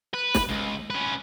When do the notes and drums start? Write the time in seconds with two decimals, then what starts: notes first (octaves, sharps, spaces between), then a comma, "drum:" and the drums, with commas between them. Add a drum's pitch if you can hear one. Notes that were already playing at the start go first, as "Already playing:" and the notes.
0.14 B4
0.35 drum: snare
0.48 C#2
0.90 C#4 B4